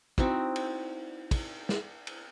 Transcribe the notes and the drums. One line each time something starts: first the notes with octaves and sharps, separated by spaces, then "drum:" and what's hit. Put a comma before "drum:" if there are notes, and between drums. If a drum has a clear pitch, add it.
C4 D#4 E4 F#4, drum: kick
drum: cymbal
drum: kick, cymbal
drum: snare
drum: cymbal